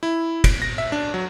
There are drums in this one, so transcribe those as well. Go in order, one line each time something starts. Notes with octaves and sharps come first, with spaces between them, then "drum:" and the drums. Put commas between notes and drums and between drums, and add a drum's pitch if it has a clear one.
E4
D7, drum: kick, cymbal
A#6
E5
D4
F#3